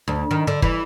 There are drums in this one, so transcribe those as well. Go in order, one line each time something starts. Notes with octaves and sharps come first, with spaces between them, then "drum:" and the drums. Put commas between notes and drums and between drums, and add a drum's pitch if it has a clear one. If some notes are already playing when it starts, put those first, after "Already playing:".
D2
D#3
D3
E3, drum: kick